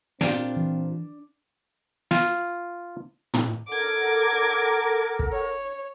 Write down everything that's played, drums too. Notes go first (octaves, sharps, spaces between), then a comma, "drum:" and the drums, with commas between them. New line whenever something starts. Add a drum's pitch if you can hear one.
A#2 C4 D4 F4 G4, drum: snare
E3
F4, drum: snare
drum: tom
A4 A#4 F#5 D6 G#6
drum: kick
C#5